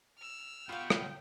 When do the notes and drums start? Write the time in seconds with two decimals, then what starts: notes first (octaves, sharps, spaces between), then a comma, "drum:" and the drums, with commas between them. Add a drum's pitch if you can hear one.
0.18 E6 F6
0.69 B3 F4 F#4 F5 G5
0.90 drum: rim click